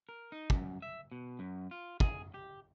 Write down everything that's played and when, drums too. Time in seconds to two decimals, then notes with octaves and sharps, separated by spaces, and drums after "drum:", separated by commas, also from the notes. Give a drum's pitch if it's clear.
0.09 A#4
0.32 D#4
0.50 F#2, drum: kick
0.82 E5
1.12 B2
1.39 F#2
1.71 F4
2.00 G#4, drum: kick
2.34 G4